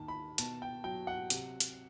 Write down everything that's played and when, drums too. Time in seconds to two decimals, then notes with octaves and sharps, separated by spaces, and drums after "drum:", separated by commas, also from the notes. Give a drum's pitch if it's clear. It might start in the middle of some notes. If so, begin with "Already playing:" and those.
Already playing: D#2 D#3 A5
0.08 B5
0.38 B2 A5, drum: hi-hat
0.62 G5
0.84 F#3 G5
1.07 F#5
1.30 C3, drum: hi-hat
1.60 drum: hi-hat